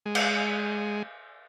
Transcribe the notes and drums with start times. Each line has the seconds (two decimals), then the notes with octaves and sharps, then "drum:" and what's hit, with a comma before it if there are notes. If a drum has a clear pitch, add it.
0.06 G#3
0.15 drum: cymbal